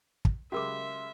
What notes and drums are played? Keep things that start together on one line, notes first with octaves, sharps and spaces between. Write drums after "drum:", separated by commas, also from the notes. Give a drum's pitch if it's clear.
drum: kick
C#3 G#3 F#4 G4 A#4 E5 C6 D6